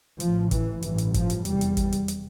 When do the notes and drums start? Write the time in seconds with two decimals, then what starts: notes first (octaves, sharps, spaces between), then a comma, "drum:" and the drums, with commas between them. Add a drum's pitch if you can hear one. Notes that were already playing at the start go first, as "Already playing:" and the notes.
0.20 A1 A2 F3, drum: hi-hat
0.51 E3, drum: kick G#1, hi-hat
0.82 A1 G2 E3, drum: hi-hat
0.98 drum: hi-hat
1.14 F3, drum: kick G#1, hi-hat
1.30 drum: hi-hat
1.45 F1 E2 C3 G3, drum: hi-hat
1.61 drum: hi-hat
1.77 drum: kick G#1, hi-hat
1.92 drum: hi-hat
2.08 drum: hi-hat